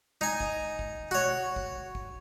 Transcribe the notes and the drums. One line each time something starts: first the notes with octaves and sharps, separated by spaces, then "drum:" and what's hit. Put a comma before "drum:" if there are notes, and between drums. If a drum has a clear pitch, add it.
D#4 G#5
drum: kick
drum: kick
F#4 C#5
drum: kick
drum: kick